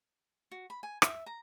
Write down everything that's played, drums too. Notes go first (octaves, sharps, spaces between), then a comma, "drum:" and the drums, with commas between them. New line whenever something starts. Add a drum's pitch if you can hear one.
F#4
B5
G#5
E5, drum: rim click
A#5